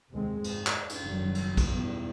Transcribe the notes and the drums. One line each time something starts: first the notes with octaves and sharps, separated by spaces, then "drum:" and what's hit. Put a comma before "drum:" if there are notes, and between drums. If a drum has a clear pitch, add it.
F1 D#2 C3 G#3 C4
G#2, drum: cymbal
drum: clap
drum: cymbal
F#1 F#2 D#3 F#3 G3
drum: cymbal
drum: kick A#1, cymbal
E2 G#2 B2 E3 G3